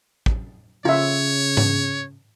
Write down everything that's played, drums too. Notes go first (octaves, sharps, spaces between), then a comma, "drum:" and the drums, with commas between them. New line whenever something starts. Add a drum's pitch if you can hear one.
drum: kick
C#3 F4 C#5 E5
drum: tom G#2